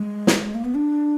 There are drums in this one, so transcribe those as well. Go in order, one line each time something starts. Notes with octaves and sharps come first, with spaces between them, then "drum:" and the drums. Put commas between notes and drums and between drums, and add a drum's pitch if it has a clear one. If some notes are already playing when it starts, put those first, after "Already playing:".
Already playing: G#3
drum: snare
A#3
B3
D4